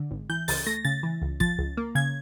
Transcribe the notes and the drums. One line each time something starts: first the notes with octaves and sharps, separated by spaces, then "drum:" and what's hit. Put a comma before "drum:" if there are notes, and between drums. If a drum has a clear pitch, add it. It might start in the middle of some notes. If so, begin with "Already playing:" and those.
Already playing: D3
G#1
E3 G6
C#2 A6, drum: open hi-hat
A3 A#6
C#3 A6
E3
C#2
F3 A6, drum: kick
C#2
A#3
C#3 G#6